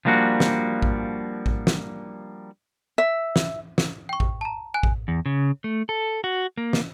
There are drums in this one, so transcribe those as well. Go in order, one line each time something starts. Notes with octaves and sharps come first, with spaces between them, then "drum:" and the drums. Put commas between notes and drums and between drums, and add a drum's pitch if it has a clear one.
F3 G3 A#3 D4 F#4
drum: snare
drum: kick A1
drum: kick A1
drum: snare
E5
drum: snare
drum: snare
G5 C#6
drum: kick A1
A5 A#5
G#5 F#6
drum: kick A1
E2
C#3
A3
A4
F#4
A#3
drum: snare